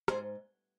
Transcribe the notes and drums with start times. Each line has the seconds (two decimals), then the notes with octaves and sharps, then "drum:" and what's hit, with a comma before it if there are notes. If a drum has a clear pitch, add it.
0.08 G#2 G#4 C5, drum: rim click